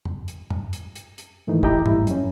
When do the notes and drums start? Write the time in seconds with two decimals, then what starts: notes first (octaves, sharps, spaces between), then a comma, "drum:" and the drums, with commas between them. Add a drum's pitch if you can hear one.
0.05 drum: tom F2
0.28 drum: hi-hat
0.50 drum: tom F2
0.73 drum: hi-hat
0.96 drum: hi-hat
1.18 drum: hi-hat
1.47 G#2 D#3 E3 A3 D#4
1.63 E4 G4 D#5 G5 A#5, drum: kick
1.86 A2 G3 E4, drum: tom G#2
2.07 F#2 C#4, drum: hi-hat